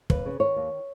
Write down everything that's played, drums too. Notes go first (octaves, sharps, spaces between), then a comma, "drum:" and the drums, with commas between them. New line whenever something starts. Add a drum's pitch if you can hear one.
D#2 B4, drum: kick
C#3
D#3 C#5
D#2